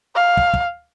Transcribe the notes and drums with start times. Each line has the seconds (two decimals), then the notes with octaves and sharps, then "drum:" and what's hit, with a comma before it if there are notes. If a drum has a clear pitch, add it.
0.16 F5
0.37 drum: kick
0.54 drum: kick